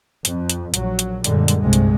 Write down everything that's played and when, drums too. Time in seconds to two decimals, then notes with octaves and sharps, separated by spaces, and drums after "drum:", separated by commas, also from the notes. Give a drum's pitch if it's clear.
0.25 F2, drum: hi-hat
0.50 drum: hi-hat
0.74 A#1 F#3, drum: hi-hat
0.99 drum: hi-hat
1.24 F#2 A#2 D3 G3 G#3, drum: hi-hat
1.48 drum: hi-hat
1.62 C2 G2 C3 G#3
1.73 drum: hi-hat